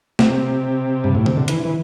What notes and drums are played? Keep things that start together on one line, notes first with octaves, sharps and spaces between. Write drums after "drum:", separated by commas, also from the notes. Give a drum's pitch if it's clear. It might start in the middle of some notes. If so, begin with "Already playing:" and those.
C3, drum: snare
G2
A2
C3, drum: tom D3
D3
E3, drum: hi-hat
E3